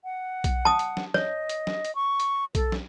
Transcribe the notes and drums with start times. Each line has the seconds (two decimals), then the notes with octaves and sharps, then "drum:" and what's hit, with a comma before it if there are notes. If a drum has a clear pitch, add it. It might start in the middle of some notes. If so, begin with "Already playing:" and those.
0.04 F#5
0.44 drum: kick B1, hi-hat
0.65 A5 D#6
0.79 drum: hi-hat
0.97 drum: snare
1.14 C#5 D#5, drum: snare
1.49 drum: hi-hat
1.67 drum: snare
1.85 drum: hi-hat
1.95 C#6
2.20 drum: hi-hat
2.55 A4, drum: kick B1, hi-hat
2.72 drum: snare